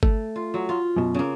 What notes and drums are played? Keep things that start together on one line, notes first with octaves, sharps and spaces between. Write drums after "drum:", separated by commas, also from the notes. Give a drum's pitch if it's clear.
A3, drum: kick G1
F4
F#3
F4
F#2 B2
C#3 A#3